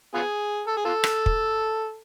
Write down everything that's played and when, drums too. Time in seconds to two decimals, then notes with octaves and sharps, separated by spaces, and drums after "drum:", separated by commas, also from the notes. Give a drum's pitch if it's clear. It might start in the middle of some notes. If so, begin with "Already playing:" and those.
0.14 B3 F4 G#4
0.67 A4
0.77 G#4
0.85 F4 A4
1.04 drum: rim click
1.26 drum: kick